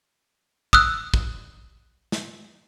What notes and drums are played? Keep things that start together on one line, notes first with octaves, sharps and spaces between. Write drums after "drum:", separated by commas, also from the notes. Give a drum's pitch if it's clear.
D#6 E6 F#6, drum: kick
drum: kick
drum: snare